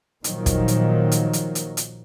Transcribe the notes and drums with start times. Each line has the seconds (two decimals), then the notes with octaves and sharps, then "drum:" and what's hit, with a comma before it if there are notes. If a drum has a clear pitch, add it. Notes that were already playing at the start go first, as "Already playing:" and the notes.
0.24 A#2 D#3 F3 F#3, drum: hi-hat
0.46 drum: kick, hi-hat
0.68 drum: hi-hat
1.12 drum: hi-hat
1.33 drum: hi-hat
1.55 drum: hi-hat
1.77 drum: hi-hat